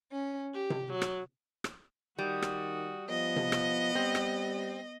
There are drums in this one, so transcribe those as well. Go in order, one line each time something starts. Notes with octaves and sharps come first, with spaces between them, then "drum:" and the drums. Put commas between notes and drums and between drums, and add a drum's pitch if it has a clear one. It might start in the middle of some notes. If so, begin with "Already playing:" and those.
C#4
G4
drum: tom C3
F#3
drum: rim click
drum: rim click
D#3 G3 F#4 D#6
drum: rim click
F3 B3 D#5
drum: tom C3
drum: rim click
G3 C4
drum: rim click